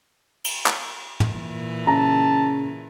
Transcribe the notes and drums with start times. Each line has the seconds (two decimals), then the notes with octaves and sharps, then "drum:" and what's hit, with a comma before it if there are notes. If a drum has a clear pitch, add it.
0.44 drum: cymbal
0.66 drum: clap
1.20 drum: tom
1.30 A#2 E3
1.87 C#3 A5 A#5